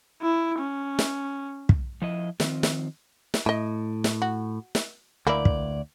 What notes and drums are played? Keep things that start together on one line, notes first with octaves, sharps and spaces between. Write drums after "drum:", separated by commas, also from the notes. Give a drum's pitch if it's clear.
E4
C#4
drum: snare
drum: kick
F3 E4 D#5
D#3 F3 C4, drum: snare
drum: snare
drum: snare
A2 D#5 E5
drum: snare
F#4
drum: snare
D2 E3 A#3 E4 D5
drum: kick